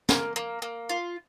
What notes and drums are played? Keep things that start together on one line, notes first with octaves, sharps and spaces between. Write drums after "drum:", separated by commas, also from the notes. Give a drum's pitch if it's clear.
A#3, drum: snare
A#3
A#3
F4